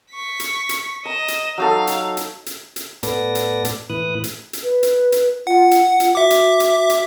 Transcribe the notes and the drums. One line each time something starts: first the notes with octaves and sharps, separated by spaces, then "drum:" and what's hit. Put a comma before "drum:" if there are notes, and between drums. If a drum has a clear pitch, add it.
C#6 B6
drum: hi-hat
drum: hi-hat
D#5 A#5 E7
drum: hi-hat
F#3 D#4 A4 F5
drum: hi-hat
drum: hi-hat
drum: hi-hat
drum: hi-hat
A2 B3 A4 B4 D5 A#6, drum: hi-hat
drum: hi-hat
drum: hi-hat
A2 E3 B4 D#6 F#6
drum: hi-hat
drum: hi-hat
B4
drum: hi-hat
drum: hi-hat
F4 F#5
drum: hi-hat
F4, drum: hi-hat
F#4 E5 D6
drum: hi-hat
drum: hi-hat
drum: hi-hat